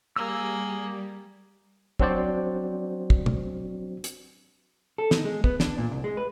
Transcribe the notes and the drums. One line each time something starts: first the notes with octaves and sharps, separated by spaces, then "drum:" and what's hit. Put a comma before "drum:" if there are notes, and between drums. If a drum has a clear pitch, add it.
G3 A#3 G#4 E6
F#3 C4 D4 F#4 C5 D5, drum: kick
drum: kick
drum: tom B2
drum: hi-hat
A4
D#4, drum: snare
G#3
B3, drum: kick
D4, drum: snare
A#2
C2
G#3
B4